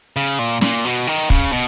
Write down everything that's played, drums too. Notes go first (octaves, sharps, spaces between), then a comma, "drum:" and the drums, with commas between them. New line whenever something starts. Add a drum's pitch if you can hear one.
C#3
A#2
A#2, drum: snare
B2
D#3
C#3, drum: kick
B2